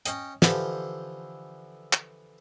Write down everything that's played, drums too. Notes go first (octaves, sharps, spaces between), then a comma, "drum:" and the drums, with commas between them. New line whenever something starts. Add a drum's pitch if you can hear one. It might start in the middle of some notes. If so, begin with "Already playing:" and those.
C#4 D#5 G5, drum: hi-hat
D3 E3 F3 G4, drum: snare
drum: clap